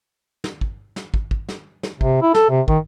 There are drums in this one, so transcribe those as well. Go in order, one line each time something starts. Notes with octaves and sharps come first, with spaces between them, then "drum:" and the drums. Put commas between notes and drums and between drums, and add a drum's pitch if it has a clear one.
drum: snare
drum: kick
drum: snare
drum: kick
drum: kick
drum: snare
drum: snare
C3, drum: kick
E4
A4, drum: snare
C3
D#3, drum: kick